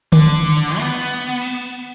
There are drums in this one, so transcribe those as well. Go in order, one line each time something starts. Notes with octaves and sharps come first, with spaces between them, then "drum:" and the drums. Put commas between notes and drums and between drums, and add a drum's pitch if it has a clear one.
D3, drum: tom D3
B3
drum: cymbal